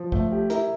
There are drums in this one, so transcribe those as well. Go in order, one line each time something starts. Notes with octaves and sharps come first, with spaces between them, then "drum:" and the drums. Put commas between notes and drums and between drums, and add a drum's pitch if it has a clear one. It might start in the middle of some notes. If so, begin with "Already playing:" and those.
Already playing: F3
A3, drum: kick
G4
E4 A#4, drum: hi-hat